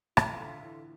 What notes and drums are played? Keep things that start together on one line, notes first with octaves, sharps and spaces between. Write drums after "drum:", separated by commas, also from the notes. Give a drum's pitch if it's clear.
A2 F4 A4 E5, drum: rim click
D3
E3